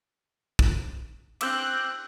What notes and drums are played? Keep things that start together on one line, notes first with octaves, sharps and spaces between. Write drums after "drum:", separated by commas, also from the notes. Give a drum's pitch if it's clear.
drum: kick
C4 D6 E6 F#6 G6, drum: cymbal